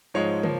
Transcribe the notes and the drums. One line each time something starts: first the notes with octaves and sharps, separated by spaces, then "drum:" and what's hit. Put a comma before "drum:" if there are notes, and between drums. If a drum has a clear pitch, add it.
G#2 F3 G#3 C#5
F3 A#3, drum: tom